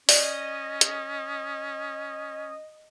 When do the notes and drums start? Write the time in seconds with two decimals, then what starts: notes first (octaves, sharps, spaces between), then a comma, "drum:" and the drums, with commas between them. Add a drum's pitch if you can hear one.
0.09 C#4 D5 D#5, drum: open hi-hat
0.81 drum: hi-hat